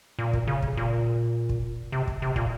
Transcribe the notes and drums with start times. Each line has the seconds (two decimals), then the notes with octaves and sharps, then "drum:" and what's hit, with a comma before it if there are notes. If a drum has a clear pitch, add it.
0.19 A#2
0.33 drum: kick
0.47 C#3
0.62 drum: kick
0.77 A#2
1.49 drum: kick
1.92 C3
2.07 drum: kick
2.22 C3
2.36 A#2, drum: kick